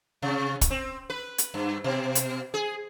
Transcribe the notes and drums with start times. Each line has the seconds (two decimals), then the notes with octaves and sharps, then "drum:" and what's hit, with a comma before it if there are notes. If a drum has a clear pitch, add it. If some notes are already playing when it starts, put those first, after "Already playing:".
0.22 C3
0.61 drum: kick, hi-hat
0.70 C4
1.10 B4
1.38 drum: hi-hat
1.54 G2
1.84 B2
2.15 drum: hi-hat
2.54 G#4